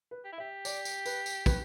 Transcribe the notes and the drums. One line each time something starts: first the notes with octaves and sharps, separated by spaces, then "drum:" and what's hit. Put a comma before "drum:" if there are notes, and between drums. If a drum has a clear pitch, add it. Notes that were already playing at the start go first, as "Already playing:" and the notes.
B4
G4
E4
G4 E5
D5, drum: tambourine
drum: tambourine
B4, drum: tambourine
drum: tambourine
B4, drum: kick, tambourine